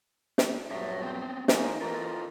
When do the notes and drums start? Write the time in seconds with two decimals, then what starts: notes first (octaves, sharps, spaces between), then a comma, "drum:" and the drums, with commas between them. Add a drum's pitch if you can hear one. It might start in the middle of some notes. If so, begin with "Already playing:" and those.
0.38 drum: snare
0.70 A#1 G2 F#3 C#5 E5
1.02 B3 C4 G5
1.48 E2 A#3 D#4 C5 G#5, drum: snare
1.81 E3 F4 A4 A#4 D#5